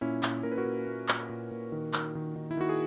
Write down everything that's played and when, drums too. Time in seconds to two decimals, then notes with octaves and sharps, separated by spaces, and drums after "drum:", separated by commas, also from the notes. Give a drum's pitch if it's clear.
0.01 A#2 C#4 E4
0.23 A#2, drum: clap
0.43 A#2 A#4
0.52 B4
0.58 F#4 A#4
0.65 A#2
0.87 A#2
1.09 A#2, drum: clap
1.29 A#2
1.51 A#2
1.72 D#3
1.94 D#3, drum: clap
2.15 D#3
2.36 D#3
2.51 E4
2.57 D#3 F#4
2.69 G#4